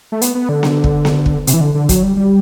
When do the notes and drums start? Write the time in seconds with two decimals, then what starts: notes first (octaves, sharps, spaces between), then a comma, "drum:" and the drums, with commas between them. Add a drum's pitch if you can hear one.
0.12 A3
0.21 B3, drum: hi-hat
0.35 B3
0.49 D3
0.63 drum: snare B3
0.84 drum: kick
1.05 drum: snare B3
1.26 drum: kick
1.47 C3, drum: hi-hat
1.54 E3
1.61 D3
1.75 D3
1.89 F#3, drum: kick, hi-hat
2.03 G3
2.17 G3